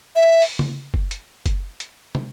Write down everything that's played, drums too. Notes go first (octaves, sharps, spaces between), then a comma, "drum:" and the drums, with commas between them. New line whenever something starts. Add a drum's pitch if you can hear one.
E5
drum: open hi-hat
drum: tom
drum: kick F#1
drum: hi-hat
drum: kick F#1, hi-hat
drum: hi-hat
drum: tom